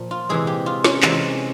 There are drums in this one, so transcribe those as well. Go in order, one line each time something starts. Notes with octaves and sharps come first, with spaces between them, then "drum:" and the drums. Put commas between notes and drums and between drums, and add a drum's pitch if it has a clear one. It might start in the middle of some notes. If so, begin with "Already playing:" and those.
Already playing: A#2 F3
F4
C3 E3 G#3 G#4
G4
F4
C#4, drum: snare
C3 E3 G#3, drum: clap